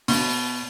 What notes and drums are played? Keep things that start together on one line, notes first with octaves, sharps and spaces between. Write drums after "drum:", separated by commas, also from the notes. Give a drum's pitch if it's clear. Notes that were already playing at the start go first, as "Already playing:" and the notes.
B2, drum: open hi-hat